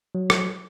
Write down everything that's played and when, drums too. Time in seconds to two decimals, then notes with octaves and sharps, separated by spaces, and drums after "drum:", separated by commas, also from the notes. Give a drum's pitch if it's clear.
0.15 F#3
0.30 drum: rim click